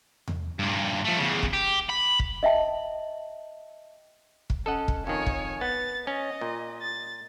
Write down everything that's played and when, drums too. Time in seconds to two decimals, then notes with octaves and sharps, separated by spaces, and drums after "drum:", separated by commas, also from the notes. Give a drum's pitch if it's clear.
0.28 drum: tom E2
0.59 G2 A#2
1.04 F3 A3
1.18 E2 C#3
1.43 drum: kick
1.53 G4
1.89 B5
2.19 drum: kick
2.43 D#5 E5 G5 A5
4.50 drum: kick
4.66 C#4 A4 D#5 F#5
4.88 drum: kick
5.07 F2 D#3 C#5 G#5
5.26 drum: kick
5.61 B3 A6
6.07 C#4 D#5
6.41 A#2
6.81 A6